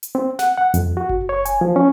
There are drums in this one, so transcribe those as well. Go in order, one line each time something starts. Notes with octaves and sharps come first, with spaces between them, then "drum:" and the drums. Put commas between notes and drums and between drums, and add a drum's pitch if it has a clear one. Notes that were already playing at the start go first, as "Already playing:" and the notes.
drum: hi-hat
C4
F#5, drum: snare
F#5
F2, drum: hi-hat
F#4
drum: kick F#1
C#5
G#5, drum: hi-hat
F3
C#4